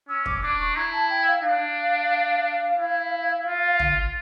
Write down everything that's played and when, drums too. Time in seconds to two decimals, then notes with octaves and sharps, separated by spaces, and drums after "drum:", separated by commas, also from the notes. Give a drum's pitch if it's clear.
0.08 C#4 E6
0.26 D6, drum: kick
0.42 D4 D6
0.59 C#6
0.76 E4 A#5
0.93 A5
1.10 G5
1.27 F5
1.43 D4 F5
2.78 E4
3.46 F4
3.80 drum: tom